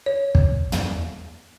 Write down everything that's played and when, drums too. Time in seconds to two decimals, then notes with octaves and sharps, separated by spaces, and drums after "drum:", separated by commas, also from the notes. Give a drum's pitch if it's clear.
0.06 C#5
0.35 drum: kick
0.72 drum: tom